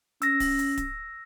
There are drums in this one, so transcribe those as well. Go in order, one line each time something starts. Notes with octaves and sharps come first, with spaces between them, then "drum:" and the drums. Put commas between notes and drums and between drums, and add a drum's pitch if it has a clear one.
C#4 E6 A#6, drum: hi-hat
drum: kick D1, open hi-hat
drum: hi-hat
drum: kick D1, hi-hat